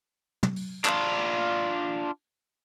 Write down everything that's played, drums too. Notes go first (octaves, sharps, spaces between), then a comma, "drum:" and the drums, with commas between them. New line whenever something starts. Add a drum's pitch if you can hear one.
drum: tom
drum: open hi-hat
D4 F4, drum: clap